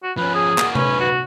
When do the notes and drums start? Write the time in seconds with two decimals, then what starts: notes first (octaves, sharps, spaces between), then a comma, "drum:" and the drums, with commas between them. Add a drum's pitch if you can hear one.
0.03 F#4
0.17 F3 C#4 B4
0.34 G#4
0.58 A#3 F#4, drum: clap
0.75 F#2 C#4 B4, drum: tom C3
1.00 F#4